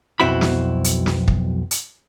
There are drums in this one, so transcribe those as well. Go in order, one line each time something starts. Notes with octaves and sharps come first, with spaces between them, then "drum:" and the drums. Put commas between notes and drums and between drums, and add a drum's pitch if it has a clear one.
B1 F2 C4 E4 F#4 B5
drum: snare
drum: hi-hat
drum: snare
drum: kick
drum: hi-hat